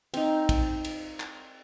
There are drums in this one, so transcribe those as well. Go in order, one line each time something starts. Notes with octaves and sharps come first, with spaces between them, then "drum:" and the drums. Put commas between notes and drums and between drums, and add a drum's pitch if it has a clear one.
C4 D#4, drum: cymbal
drum: kick, cymbal
drum: cymbal
drum: clap